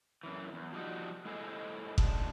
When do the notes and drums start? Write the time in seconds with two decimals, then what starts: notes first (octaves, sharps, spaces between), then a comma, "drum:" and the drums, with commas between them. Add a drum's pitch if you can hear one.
0.23 F#2 E3
0.53 E2
0.73 F3 G3 D#4 F#4
1.25 G#3 E4 G#4 A4 C5 D#5
1.98 F#2 A2 G#3 D4 A5, drum: kick F#1